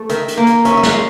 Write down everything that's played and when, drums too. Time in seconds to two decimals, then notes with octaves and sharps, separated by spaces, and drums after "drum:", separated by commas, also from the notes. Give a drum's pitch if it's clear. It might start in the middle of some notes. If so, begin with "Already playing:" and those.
Already playing: A3
0.09 D#3 E5, drum: hi-hat
0.28 drum: hi-hat
0.37 A#3
0.47 drum: hi-hat
0.65 C#4 E5, drum: hi-hat
0.77 E5
0.83 F5, drum: snare
0.92 G#3